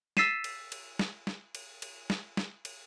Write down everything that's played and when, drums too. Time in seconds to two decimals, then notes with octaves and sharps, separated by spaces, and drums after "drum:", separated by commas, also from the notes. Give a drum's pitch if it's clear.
0.17 E6 A6 B6 C7 D#7 E7, drum: snare
0.44 drum: cymbal
0.72 drum: cymbal
0.99 drum: snare
1.27 drum: snare
1.55 drum: cymbal
1.82 drum: cymbal
2.10 drum: snare
2.37 drum: snare
2.65 drum: cymbal